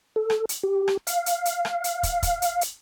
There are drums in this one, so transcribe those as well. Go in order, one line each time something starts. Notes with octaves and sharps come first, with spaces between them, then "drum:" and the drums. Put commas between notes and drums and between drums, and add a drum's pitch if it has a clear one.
A4
drum: rim click
drum: hi-hat
G4
drum: rim click
F5, drum: hi-hat
drum: hi-hat
drum: hi-hat
drum: rim click
drum: hi-hat
drum: kick, hi-hat
drum: kick, hi-hat
drum: hi-hat
drum: hi-hat